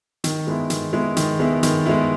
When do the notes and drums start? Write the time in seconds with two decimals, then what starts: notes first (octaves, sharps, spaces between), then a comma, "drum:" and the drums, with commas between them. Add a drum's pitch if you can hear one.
0.24 D#3, drum: hi-hat
0.47 G#3 B3 E4
0.70 D#3, drum: hi-hat
0.93 G#3 B3 E4
1.17 D#3, drum: hi-hat
1.40 G#3 B3 E4
1.63 D#3, drum: hi-hat
1.86 G#3 B3 E4